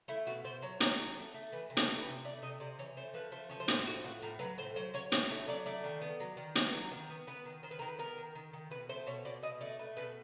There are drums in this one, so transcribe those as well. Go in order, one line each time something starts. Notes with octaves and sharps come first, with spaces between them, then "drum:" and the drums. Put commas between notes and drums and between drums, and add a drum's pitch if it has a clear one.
A3 E4
B2 F#4
B2 C5
F#3 C#5
F#3, drum: hi-hat
F#3
A3
A3
E3 B4
C3
A4, drum: hi-hat
E3
B4
C3
A3 D5
C3 D#5
C3 D5
E3 C#5
A3 C5
F3 B4
A3 C5
F3 C#5
C5
A2 B4, drum: hi-hat
F3 F#4
A2 F#4
A2 A#4
F#3 B4
A2 C5
F#3 C5
F#3 C#5
A2 C#5, drum: hi-hat
A3 C#5
F#3 D5
A3 D5
D#3
B3
F#3
D#3
B3, drum: hi-hat
F#3
D#3
B3
B3 B4
D#3
D#3 C5
B4
D#3 A#4
B4
B3 A#4
D#3
D#3
D#3
B2 B4
A3 C5
B2 C#5
B2 D5
B2 D#5
A3 D5
A3 B4
B2 B4